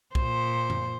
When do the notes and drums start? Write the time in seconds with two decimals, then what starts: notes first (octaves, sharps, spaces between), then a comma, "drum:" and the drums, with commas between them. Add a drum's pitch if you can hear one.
0.15 A#2 C5, drum: kick B1
0.70 drum: tom F#2